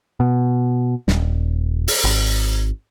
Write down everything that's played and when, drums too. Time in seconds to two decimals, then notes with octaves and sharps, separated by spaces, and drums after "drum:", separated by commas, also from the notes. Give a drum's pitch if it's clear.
0.20 B2
1.08 D#1, drum: snare
1.88 drum: open hi-hat
2.04 G#1